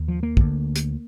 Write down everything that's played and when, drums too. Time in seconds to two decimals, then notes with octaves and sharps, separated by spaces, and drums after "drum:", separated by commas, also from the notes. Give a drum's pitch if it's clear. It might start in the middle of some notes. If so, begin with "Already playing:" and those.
Already playing: D#2
0.08 F3
0.23 A#3
0.37 D2 D3, drum: kick
0.76 drum: hi-hat